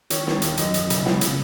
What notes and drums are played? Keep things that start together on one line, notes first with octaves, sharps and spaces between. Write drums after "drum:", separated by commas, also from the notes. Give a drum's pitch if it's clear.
D#3 C#5, drum: hi-hat
D#3, drum: snare
D#2, drum: hi-hat
F#2 D#5, drum: hi-hat
F#2, drum: hi-hat
F#1, drum: hi-hat
C#2 F#5, drum: snare
C#3, drum: hi-hat